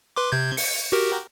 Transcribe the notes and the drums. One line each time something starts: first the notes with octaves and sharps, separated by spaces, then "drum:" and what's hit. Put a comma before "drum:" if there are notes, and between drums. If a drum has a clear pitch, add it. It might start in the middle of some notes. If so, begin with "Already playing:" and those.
B4 C6 D6
C3 G6 G#6
C#7, drum: open hi-hat
F#4 G4 A#4